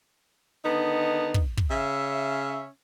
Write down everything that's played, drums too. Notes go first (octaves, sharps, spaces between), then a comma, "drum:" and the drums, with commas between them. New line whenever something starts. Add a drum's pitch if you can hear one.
D3 D#3 B3 D4 D#4
drum: kick
drum: kick
C#3 C#4 E5